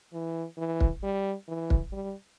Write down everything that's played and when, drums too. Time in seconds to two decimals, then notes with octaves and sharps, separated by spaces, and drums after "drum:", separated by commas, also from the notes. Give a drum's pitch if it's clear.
0.13 E3
0.58 E3
0.80 drum: kick
1.03 G3
1.48 E3
1.70 drum: kick
1.93 G3